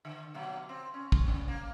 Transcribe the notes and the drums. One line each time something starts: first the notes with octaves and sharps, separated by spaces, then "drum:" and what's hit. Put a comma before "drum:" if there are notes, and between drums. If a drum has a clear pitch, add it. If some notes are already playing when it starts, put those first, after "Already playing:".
D3
B2 F#3 A#3
C4
C#4
drum: kick
C#3
A#3